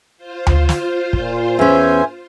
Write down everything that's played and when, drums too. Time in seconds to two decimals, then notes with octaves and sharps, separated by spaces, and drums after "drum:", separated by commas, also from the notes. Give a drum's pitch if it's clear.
0.18 F4 C5
0.46 drum: tom D2
0.69 drum: snare
1.13 A#2, drum: kick
1.59 E2 C#4 C5 E5 G#5